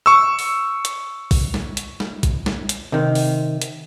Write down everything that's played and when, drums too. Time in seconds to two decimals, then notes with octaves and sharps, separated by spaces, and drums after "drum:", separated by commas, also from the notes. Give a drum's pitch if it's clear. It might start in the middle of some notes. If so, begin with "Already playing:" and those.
0.06 C#6 E6
0.39 drum: open hi-hat
0.85 drum: hi-hat
1.31 drum: kick, open hi-hat
1.54 drum: snare
1.77 drum: hi-hat
2.00 drum: snare
2.23 drum: kick, hi-hat
2.46 drum: snare
2.69 drum: hi-hat
2.92 C3 D#3
3.15 drum: open hi-hat
3.62 drum: hi-hat